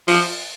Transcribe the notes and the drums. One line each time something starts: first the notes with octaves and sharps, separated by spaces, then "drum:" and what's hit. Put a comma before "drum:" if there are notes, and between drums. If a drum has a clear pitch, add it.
F3, drum: open hi-hat